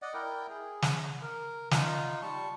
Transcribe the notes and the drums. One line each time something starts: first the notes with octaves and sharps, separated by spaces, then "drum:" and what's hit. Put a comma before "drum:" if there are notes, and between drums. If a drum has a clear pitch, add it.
D5 D#5 F#5
E4 A#4 G5
G#4
drum: snare
A#4
D#4 F4, drum: snare
G3 A5 C#6